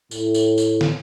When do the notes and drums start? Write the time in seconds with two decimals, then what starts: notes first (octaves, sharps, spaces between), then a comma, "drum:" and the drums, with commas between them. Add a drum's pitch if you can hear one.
0.11 A2, drum: tambourine
0.34 drum: tambourine
0.58 drum: tambourine
0.81 drum: snare